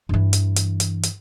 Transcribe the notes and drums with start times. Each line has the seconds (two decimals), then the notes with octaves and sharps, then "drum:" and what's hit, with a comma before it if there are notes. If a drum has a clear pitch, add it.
0.09 G2 E3
0.33 drum: hi-hat
0.56 drum: hi-hat
0.80 drum: hi-hat
1.03 drum: hi-hat